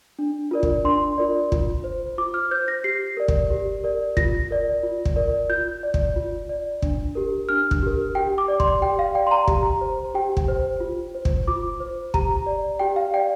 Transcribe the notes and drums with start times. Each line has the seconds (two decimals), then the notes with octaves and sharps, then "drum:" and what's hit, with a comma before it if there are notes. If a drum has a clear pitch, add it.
0.19 D4
0.51 F4 A#4 D5
0.63 drum: kick
0.84 D4 C6
1.18 F4 A#4 D5
1.52 F4, drum: kick
1.84 C5
2.18 F4 D6
2.34 F6
2.51 C5 G6
2.68 A#6
2.84 G4 C7
3.17 A#4 D5
3.28 drum: kick
3.50 G4
3.84 A#4 D5
4.17 F4 A#6, drum: kick
4.51 A#4 D5
4.83 F4
5.05 drum: kick
5.16 A#4 D5
5.49 F4 G6
5.83 D5
5.94 drum: kick
6.16 F4
6.49 D5
6.82 D4, drum: kick
7.15 G4 A#4
7.49 D4 F6
7.71 drum: kick
7.83 G4 A#4
8.15 G4 G5
8.38 D6
8.48 D5
8.60 C6, drum: kick
8.82 G4 G5
8.99 F5
9.15 D5 G5
9.27 C6
9.31 A#5
9.47 G4 A#5, drum: kick
9.81 C5
10.14 G4 G5
10.37 drum: kick
10.48 C5
10.80 F4
11.15 C5
11.25 drum: kick
11.48 F4 D6
11.80 C5
12.14 G4 A#5, drum: kick
12.46 D5
12.79 G4 G5
12.96 F5
13.14 D5 G5